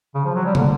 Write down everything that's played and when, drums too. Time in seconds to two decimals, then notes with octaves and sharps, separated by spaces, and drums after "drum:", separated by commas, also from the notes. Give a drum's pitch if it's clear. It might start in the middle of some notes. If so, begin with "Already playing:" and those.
0.14 C#3
0.25 F3
0.35 F#3
0.45 G3
0.55 D3, drum: tom